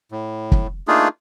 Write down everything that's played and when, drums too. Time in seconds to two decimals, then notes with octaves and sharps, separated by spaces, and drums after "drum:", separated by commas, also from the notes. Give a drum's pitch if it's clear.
0.12 A2
0.52 drum: kick
0.88 A3 A#3 D4 D#4 F4 G#4